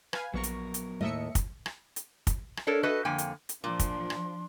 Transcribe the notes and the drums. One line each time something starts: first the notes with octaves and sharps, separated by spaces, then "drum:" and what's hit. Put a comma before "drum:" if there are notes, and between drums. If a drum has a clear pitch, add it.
B4 F5 G#5, drum: rim click
A#1 F#3 B3 A#4 C#6
drum: hi-hat
drum: hi-hat
D#2 A2 A3 D#5 E5 C#7
drum: kick, hi-hat
drum: rim click
drum: hi-hat
drum: kick, hi-hat
drum: rim click
D4 A4 A#4 C#5
F#4 A4 B4 D#5
F2 D3 A#3 G5 G#5
drum: hi-hat
drum: hi-hat
A#2 F3 D4 C6
drum: kick, hi-hat
drum: rim click